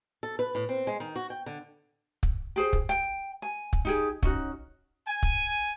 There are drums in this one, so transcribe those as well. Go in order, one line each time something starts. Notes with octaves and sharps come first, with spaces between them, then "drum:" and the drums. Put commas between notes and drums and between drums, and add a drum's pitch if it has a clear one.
A4
B4
A2
C4
G#3
D#3
F#4
G5
D3
drum: kick
G4 G#4 C5
drum: kick
G5
G#5
drum: kick
D#4 G4 G#4
C#4 D#4 F#4, drum: kick
G#5
drum: kick